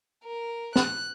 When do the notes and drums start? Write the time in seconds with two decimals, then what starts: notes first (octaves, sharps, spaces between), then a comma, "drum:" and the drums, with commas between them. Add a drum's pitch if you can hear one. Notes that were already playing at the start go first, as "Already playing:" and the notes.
0.24 A#4
0.76 F#6, drum: snare